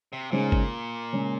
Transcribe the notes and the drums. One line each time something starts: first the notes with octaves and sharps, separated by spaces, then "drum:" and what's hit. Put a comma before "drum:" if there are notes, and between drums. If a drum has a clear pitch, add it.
C3
A#2 C#3 G#3 D#4 G#4 C5
drum: kick
C#3 G#3 C#4